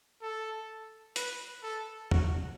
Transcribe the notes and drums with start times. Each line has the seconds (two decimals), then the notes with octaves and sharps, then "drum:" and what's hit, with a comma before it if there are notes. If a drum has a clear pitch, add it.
0.22 A4
1.16 B4, drum: hi-hat
1.63 A4
2.11 F#4, drum: tom E2